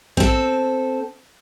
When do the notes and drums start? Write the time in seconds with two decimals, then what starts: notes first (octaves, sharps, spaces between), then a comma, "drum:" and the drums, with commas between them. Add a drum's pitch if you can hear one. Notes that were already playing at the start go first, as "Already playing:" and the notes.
0.17 C4 A4, drum: kick A#1